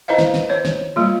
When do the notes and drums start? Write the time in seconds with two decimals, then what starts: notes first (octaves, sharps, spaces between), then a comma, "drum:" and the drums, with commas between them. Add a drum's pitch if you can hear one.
0.08 E4 B4 C5 D#5 F5
0.18 drum: snare
0.34 drum: snare
0.49 C5 C#5
0.65 drum: snare
0.96 G3 A#3 F4